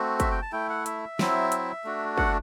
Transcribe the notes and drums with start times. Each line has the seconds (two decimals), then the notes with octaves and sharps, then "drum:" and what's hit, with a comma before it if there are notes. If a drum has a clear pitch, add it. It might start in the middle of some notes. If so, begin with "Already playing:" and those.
Already playing: A3 C4 F#4
0.20 E5, drum: kick, hi-hat
0.31 G5
0.42 A5
0.52 A3 E4 G5
0.69 F#5
0.86 E5, drum: hi-hat
1.19 F#3 C4 E4, drum: snare
1.52 drum: hi-hat
1.84 A3 D4 F#4
2.18 F#5, drum: kick